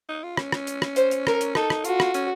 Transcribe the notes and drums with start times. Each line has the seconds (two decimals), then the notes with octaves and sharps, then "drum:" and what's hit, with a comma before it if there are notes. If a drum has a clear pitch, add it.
0.09 D#4
0.23 F4
0.37 C#4, drum: rim click
0.52 drum: rim click
0.67 drum: hi-hat
0.82 drum: rim click
0.96 C5, drum: hi-hat
1.11 drum: hi-hat
1.27 A#4, drum: rim click
1.41 drum: hi-hat
1.55 D#4 A4, drum: rim click
1.70 drum: rim click
1.85 F4 F#4, drum: hi-hat
2.00 drum: rim click
2.14 C#4, drum: hi-hat